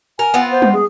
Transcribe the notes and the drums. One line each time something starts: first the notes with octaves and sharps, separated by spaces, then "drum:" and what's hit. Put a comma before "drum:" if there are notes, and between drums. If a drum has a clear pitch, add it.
A#4 G#5
B3 C4 F4
C5
drum: tom G3
G#4